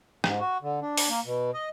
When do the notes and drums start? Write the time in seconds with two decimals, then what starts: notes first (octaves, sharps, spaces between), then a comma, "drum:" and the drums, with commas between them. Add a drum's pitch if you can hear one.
0.24 G#2, drum: rim click
0.40 F#4
0.62 D3
0.81 D4
0.98 drum: open hi-hat
1.09 A#3
1.25 B2
1.54 D#5